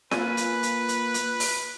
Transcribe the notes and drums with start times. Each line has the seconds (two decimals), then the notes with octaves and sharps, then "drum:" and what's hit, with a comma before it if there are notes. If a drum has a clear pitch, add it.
0.11 A#3 F4 B4 G#5, drum: snare F4
0.37 drum: hi-hat
0.63 drum: hi-hat
0.88 drum: hi-hat
1.14 drum: hi-hat
1.40 drum: open hi-hat